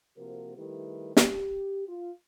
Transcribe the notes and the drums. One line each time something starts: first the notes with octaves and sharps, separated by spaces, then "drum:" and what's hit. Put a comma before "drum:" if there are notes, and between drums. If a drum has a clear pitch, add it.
C3 F3 A#3 F#4 A#4
D#3 G3 A3 E4 G4 B4
G4, drum: snare
F4